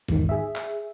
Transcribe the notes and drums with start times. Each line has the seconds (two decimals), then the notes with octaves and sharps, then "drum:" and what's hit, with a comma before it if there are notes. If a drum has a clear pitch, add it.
0.09 E2 G#2 D#3, drum: kick A1
0.29 G#4 E5
0.55 drum: clap